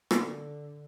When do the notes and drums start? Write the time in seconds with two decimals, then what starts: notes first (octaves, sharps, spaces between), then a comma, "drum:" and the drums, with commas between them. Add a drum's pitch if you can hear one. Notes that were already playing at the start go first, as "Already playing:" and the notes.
0.11 D3, drum: rim click